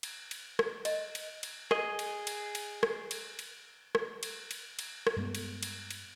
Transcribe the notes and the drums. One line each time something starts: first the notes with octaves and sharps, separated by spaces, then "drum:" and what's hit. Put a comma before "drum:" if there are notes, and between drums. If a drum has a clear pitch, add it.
drum: cymbal
drum: cymbal
drum: rim click
D#5, drum: cymbal
drum: cymbal
drum: cymbal
G#4 D#5, drum: rim click
drum: cymbal
drum: cymbal
drum: cymbal
drum: rim click
drum: cymbal
drum: cymbal
drum: rim click
drum: cymbal
drum: cymbal
drum: cymbal
drum: rim click
G2 G#3 B3
drum: cymbal
drum: cymbal
drum: cymbal